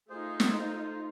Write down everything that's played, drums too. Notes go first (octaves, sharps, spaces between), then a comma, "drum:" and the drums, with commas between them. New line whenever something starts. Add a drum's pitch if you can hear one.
A3 D#4 F4 G#4 C5
drum: snare
C5